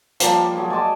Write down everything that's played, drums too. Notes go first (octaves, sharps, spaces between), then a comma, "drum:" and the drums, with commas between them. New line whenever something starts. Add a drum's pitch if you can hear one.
F3 G3 A#3, drum: hi-hat
F#3 G#4
G#3 D5 A5 C6